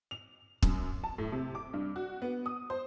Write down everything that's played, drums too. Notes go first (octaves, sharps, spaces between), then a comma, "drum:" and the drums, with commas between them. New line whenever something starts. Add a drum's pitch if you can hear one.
F7
F#2, drum: kick
A5
A2
C3
D6
G2
F#4
B3
D#6
C5